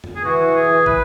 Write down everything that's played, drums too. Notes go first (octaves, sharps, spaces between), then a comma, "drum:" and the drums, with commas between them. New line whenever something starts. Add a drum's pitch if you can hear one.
drum: tom F2
G#4
E3 F#4
G#4
B4, drum: kick